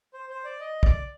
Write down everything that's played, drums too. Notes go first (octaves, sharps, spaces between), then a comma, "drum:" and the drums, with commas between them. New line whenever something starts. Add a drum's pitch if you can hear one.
C5
C5
D5
D#5
D5, drum: kick